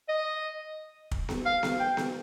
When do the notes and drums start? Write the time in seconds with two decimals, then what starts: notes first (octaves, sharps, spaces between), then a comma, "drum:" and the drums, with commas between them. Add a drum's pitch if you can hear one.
0.09 D#5
1.11 drum: kick
1.29 drum: snare B3
1.46 F5
1.63 drum: snare B3
1.80 G5
1.97 drum: snare B3